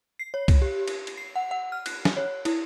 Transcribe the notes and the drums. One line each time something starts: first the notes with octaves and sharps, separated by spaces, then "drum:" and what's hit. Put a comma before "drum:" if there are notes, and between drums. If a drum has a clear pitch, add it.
C7
C#5
drum: kick C2, cymbal
G4
drum: cymbal
drum: cymbal
C7
F#5
F#5
F6
F#6, drum: cymbal
drum: snare
C#5
E4, drum: cymbal